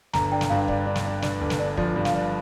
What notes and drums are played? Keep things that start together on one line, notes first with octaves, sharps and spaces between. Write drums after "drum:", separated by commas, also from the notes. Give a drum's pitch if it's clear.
G1 A#5, drum: snare
D4 G5
drum: snare
G2 F5
D4, drum: kick
D4
drum: snare
D4
D4, drum: snare
G1
drum: snare
D4
F3 D5, drum: kick
G2
F5, drum: snare
D4